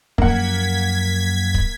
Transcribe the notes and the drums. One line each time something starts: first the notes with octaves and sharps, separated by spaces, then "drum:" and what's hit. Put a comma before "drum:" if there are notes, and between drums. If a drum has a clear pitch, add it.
F#2 F3 A#3 F#5 G#6 B6, drum: kick
drum: kick